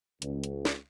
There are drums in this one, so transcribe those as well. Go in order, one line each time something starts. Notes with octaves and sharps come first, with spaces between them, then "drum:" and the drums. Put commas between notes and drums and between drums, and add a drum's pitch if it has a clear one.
C#2, drum: hi-hat
drum: hi-hat
drum: snare